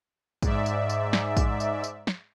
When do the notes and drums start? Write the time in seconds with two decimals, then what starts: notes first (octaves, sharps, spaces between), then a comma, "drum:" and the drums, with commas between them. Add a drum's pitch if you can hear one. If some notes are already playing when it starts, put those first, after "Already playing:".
0.42 G#2 D5 E5, drum: kick, tambourine
0.66 drum: tambourine
0.90 drum: tambourine
1.13 drum: snare
1.37 drum: kick, tambourine
1.60 drum: tambourine
1.84 drum: tambourine
2.07 drum: snare